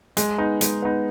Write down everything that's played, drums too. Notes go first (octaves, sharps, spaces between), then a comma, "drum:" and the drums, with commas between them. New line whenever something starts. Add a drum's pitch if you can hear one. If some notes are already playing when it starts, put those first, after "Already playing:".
G#3, drum: hi-hat
B3 D#4
G#3, drum: hi-hat
B3 D#4